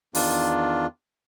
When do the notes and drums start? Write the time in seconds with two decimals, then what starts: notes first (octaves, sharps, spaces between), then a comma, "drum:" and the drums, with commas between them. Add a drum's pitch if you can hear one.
0.15 E2 D#3 D4 F4, drum: open hi-hat